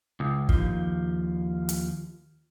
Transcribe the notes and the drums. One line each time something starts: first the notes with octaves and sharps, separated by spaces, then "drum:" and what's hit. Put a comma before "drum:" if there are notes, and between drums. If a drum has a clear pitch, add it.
C#2
D#2 F3, drum: kick
drum: hi-hat